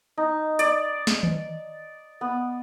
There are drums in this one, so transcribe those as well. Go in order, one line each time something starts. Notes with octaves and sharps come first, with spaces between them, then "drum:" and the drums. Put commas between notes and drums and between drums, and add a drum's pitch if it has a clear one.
D#4
D5, drum: hi-hat
drum: snare
drum: tom D#3
B3